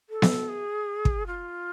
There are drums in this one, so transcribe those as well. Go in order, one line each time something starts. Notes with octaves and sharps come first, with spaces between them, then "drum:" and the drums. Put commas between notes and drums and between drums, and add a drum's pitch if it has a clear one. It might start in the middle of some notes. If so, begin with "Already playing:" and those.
A4
drum: snare B3
G#4
drum: kick
F4